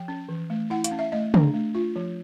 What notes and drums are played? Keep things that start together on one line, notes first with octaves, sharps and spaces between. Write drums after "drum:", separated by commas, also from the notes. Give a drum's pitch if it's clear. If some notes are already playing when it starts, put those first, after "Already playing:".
Already playing: F3 G5
C#4
E3
A3
E4 F#5
F5, drum: hi-hat
C#4
E5
A3 D#5
D4, drum: tom
A3
F4
F3